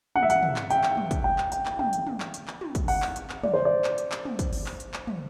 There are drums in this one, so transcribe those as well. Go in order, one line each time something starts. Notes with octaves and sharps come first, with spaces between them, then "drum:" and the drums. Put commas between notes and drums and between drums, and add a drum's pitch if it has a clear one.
F#5, drum: tom
E5
F#5, drum: hi-hat
drum: tom
drum: clap
G5, drum: hi-hat
drum: clap
drum: tom
drum: kick, hi-hat
G5
drum: clap
G5, drum: hi-hat
drum: clap
G5, drum: tom
drum: hi-hat
drum: tom
drum: clap
drum: hi-hat
drum: clap
drum: tom
drum: kick, hi-hat
F#5, drum: open hi-hat
drum: clap
drum: hi-hat
drum: clap
D5, drum: tom
C5
D5
drum: clap
drum: hi-hat
drum: clap
drum: tom
drum: kick, hi-hat
drum: open hi-hat
drum: clap
drum: hi-hat
drum: clap
drum: tom